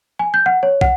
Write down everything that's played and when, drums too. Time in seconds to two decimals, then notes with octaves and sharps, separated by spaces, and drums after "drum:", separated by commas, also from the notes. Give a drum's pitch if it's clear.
0.19 G#5
0.34 G6
0.46 F#5
0.63 C#5
0.81 F#5, drum: kick